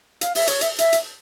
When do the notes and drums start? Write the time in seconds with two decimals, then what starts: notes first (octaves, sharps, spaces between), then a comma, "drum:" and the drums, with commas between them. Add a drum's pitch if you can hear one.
0.21 F5, drum: hi-hat
0.35 E5, drum: open hi-hat
0.47 C#5, drum: hi-hat
0.61 E5, drum: hi-hat
0.78 E5, drum: hi-hat
0.93 drum: hi-hat